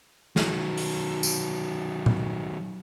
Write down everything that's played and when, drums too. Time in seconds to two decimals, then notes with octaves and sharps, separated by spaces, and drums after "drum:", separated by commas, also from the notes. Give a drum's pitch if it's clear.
0.36 D#3 F#3, drum: snare
0.77 drum: open hi-hat
1.23 drum: tambourine
2.06 drum: tom A#2